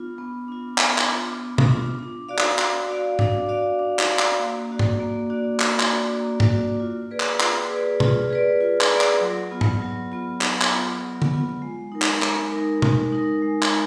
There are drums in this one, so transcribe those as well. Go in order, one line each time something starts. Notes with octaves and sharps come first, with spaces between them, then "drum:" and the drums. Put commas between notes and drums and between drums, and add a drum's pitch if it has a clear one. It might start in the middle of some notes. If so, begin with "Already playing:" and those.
Already playing: B3 D4 F4
B3
D4 F4
B3, drum: clap
drum: clap
D4 F4
B3
drum: tom B2
D4 F4
D4
F#4 D5 F5
drum: clap
D4, drum: clap
F#4 D5 F5
D4, drum: tom G#2
F#4 D5 F5
D4
drum: clap
F#4 D5 F5
drum: clap
A#3
D4 F#4 D5
drum: tom G#2
A#3
D4 F#4 D5
A#3, drum: clap
drum: clap
D4 F#4 D5
A#3
drum: tom G#2
D4 F#4 D5
F4
G#4 B4 D5
drum: clap
F4, drum: clap
G#4 B4 D5
F4, drum: tom B2
G#4 B4 D5
F4
drum: clap
G#4 B4 D5
drum: clap
F#3
B3 F4
drum: tom G#2
F#3
B3 F4
F#3, drum: clap
drum: clap
B3 F4
F#3
drum: tom D3
B3 F4
G#3
D#4 A#4
drum: clap
G#3, drum: clap
D#4 A#4
G#3, drum: tom B2
D#4 A#4
G#3
drum: clap